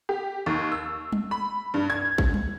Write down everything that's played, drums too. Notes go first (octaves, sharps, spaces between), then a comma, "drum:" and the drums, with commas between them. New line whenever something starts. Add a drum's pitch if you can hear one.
G4
D#2
E6
drum: tom G3
B5
G2
G#6
drum: kick
drum: tom G3